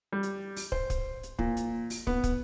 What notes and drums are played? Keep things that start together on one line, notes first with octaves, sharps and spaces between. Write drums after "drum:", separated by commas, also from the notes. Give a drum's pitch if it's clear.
G3
drum: hi-hat
drum: open hi-hat
C5, drum: kick
drum: kick, hi-hat
drum: hi-hat
A#2, drum: kick
drum: hi-hat
drum: open hi-hat
B3, drum: kick
drum: kick, hi-hat